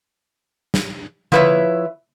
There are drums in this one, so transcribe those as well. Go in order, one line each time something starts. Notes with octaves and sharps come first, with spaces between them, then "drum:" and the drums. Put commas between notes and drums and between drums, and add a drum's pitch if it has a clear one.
drum: snare
F3 E4 B4 C#5 E5, drum: tom D3